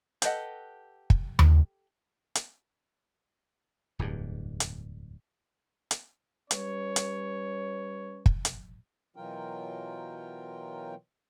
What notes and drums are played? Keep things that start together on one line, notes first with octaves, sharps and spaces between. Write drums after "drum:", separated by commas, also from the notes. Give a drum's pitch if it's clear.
G4 A4 B4 D#5 F#5, drum: hi-hat
drum: kick
drum: tom D#2
drum: hi-hat
D1 E2 G2
drum: hi-hat
drum: hi-hat
G3 C#4 B4 C#5, drum: hi-hat
drum: hi-hat
drum: kick
drum: hi-hat
B2 E3 F#3 F4 A#4 G5